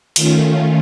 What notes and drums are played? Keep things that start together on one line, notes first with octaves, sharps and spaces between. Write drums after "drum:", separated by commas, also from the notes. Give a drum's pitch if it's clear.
D#3 A3 C#4 F4, drum: cymbal